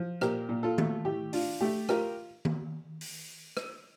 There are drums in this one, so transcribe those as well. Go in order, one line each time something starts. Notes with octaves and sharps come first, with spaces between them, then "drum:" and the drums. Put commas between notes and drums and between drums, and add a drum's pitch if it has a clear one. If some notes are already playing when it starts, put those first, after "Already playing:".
Already playing: F3
A#2 G4 A#4, drum: rim click
A#2
F4 A4
A3, drum: tom D#3
A2 G4
D4 F4, drum: open hi-hat
A3 G4
F4 G4 A#4, drum: rim click
drum: tom D#3
drum: open hi-hat
drum: rim click